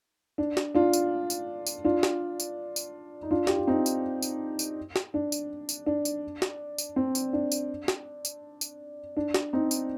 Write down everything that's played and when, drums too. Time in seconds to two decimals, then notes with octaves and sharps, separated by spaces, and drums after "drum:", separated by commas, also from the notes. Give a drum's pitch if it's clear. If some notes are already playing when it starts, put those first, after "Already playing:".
0.38 D4
0.57 drum: snare
0.75 D4 F4
0.93 drum: tambourine
1.30 drum: tambourine
1.67 drum: tambourine
1.84 D4 F4
2.03 drum: snare
2.40 drum: tambourine
2.76 drum: tambourine
3.23 D#4
3.31 D4 F4
3.47 G4, drum: snare
3.57 F4
3.67 C4 D#4
3.86 drum: tambourine
4.23 drum: tambourine
4.59 drum: tambourine
4.96 drum: snare
5.14 D4
5.32 drum: tambourine
5.69 drum: tambourine
5.86 D4
6.05 drum: tambourine
6.42 drum: snare
6.78 drum: tambourine
6.96 C4
7.15 drum: tambourine
7.33 D4
7.52 drum: tambourine
7.88 drum: snare
8.25 drum: tambourine
8.61 drum: tambourine
9.17 D4
9.34 drum: snare
9.53 C4 D#4
9.71 drum: tambourine